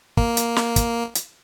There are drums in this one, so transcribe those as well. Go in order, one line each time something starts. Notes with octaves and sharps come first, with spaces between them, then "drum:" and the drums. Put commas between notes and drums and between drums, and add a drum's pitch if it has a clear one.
A#3, drum: kick
drum: hi-hat
drum: snare
drum: kick, hi-hat
drum: hi-hat